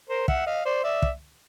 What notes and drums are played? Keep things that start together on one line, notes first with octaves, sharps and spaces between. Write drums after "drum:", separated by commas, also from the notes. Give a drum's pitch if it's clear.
A#4 C5
E5 F#5, drum: kick
D#5 F5
C5 D5
D5 E5
drum: kick